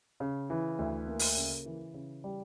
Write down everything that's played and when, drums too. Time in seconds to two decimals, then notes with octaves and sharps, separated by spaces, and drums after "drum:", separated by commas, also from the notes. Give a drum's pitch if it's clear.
0.20 C#3
0.50 E3
0.79 D2
1.08 A#3
1.19 drum: open hi-hat
1.37 C#3
1.65 E3
1.94 C#3
2.24 G3